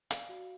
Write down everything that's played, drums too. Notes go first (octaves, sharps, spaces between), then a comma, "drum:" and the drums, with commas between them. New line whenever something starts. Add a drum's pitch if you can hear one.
D5 F5, drum: hi-hat
F#4